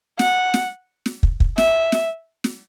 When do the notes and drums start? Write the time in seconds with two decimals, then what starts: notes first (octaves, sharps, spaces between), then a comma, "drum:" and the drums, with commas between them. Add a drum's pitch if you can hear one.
0.19 F#5, drum: snare
0.54 drum: snare
1.06 drum: snare
1.23 drum: kick
1.40 drum: kick
1.58 E5, drum: snare
1.92 drum: snare
2.44 drum: snare